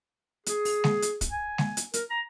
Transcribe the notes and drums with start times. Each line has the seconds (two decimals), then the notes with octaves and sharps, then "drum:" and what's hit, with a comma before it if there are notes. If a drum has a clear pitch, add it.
0.46 G#4, drum: hi-hat
0.65 drum: open hi-hat
0.84 drum: snare
1.02 drum: hi-hat
1.21 drum: kick, hi-hat
1.31 G#5
1.58 drum: snare
1.77 drum: hi-hat
1.94 A#4, drum: hi-hat
2.10 A#5